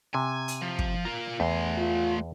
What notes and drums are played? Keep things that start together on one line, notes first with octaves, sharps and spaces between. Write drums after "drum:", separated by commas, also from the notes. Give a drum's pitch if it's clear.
C3 G#5
drum: hi-hat
F3
drum: kick
F4 A#4 A#5
E2 A3 C6
F4